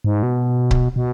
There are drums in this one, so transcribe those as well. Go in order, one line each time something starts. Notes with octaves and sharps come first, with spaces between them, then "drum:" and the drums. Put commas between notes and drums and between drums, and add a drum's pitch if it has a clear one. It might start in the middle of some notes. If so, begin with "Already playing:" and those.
G#2
B2
drum: kick C#1
B2